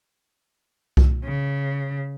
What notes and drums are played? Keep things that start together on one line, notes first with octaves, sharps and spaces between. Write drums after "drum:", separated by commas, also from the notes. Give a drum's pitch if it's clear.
drum: kick C2
C#3